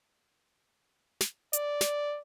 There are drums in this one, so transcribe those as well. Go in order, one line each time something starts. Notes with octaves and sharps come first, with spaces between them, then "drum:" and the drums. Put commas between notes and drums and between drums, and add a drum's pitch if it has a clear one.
drum: snare
D5, drum: hi-hat
drum: snare